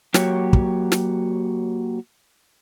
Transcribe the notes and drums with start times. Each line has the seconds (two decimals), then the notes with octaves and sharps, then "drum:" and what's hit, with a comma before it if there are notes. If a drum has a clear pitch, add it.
0.14 F#3 A#3 F#4 G4 C#5, drum: snare
0.53 drum: kick
0.92 drum: snare